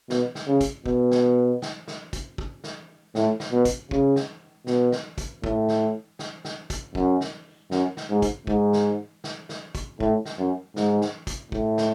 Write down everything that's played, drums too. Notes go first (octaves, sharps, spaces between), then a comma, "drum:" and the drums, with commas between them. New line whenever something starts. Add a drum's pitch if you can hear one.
B2, drum: snare
drum: snare
C#3
drum: kick, hi-hat
B2, drum: kick
drum: snare
drum: snare
drum: snare
drum: kick, hi-hat
drum: kick
drum: snare
A2, drum: snare
drum: snare
B2
drum: kick, hi-hat
C#3, drum: kick
drum: snare
B2, drum: snare
drum: snare
drum: kick, hi-hat
A2, drum: kick
drum: snare
drum: snare
drum: snare
drum: kick, hi-hat
F#2, drum: kick
drum: snare
F#2, drum: snare
drum: snare
G#2
drum: kick, hi-hat
G#2, drum: kick
drum: snare
drum: snare
drum: snare
drum: kick, hi-hat
A2, drum: kick
drum: snare
F#2
G#2, drum: snare
drum: snare
drum: kick, hi-hat
A2, drum: kick
drum: snare